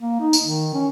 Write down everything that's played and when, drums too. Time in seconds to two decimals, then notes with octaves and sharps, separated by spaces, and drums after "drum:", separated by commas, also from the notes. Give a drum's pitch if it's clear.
0.01 A#3
0.20 D#4
0.33 drum: tambourine
0.43 D#3
0.74 C#4